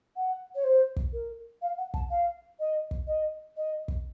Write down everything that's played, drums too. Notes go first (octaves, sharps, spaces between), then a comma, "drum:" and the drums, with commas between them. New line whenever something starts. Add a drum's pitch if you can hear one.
F#5
C#5
C5
drum: kick
A#4
F5
F#5
A5, drum: kick
F5
D#5
drum: kick
D#5
D#5
drum: kick